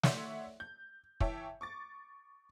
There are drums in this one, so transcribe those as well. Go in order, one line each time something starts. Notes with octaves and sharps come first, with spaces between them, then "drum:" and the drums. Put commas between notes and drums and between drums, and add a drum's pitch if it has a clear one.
C#5 D5 E5 F#5 C6, drum: snare
G6
E3 C#5 E5 G5 A5, drum: kick
C#6 D6 A6